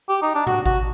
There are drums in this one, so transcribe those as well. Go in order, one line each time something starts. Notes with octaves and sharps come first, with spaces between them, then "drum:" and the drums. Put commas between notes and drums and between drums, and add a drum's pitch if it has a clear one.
G4
D#4
D4
F#4, drum: tom A2
F#4, drum: kick G#1